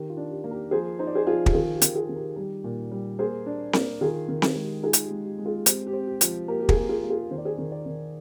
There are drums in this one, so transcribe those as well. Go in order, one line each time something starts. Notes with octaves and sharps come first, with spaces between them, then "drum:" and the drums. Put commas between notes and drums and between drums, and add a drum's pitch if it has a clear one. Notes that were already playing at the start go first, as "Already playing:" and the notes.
Already playing: D#3 G4
F4
D4
G4
A#3
G4 A#4
F3 G#4 C5
D#4 C5
D5
G#4 C5
F3 F4 G#4
G4, drum: kick
D#3 F4 G#4
G4
D#3, drum: hi-hat
F4 G#4
D#3
G4 A#4
G3 G4 A#4
A#2
G3
A#3 G#4 C5
D4
A#3, drum: snare C4
D#3 F4 G#4
D#3
G4, drum: snare C4
G#3
G4
D#4 F4 G#4
drum: hi-hat
G4
G#3
G4
G#3
F4 G#4
C4 G4, drum: hi-hat
G4
C4
G4
F3, drum: hi-hat
A#3 G4 A#4
G4
F4 G#4, drum: kick
A#3
F4 G#4
A#3
F4 G#4
D#3 C5
D5
G#4 C5
D#3
A#4 D5
D#3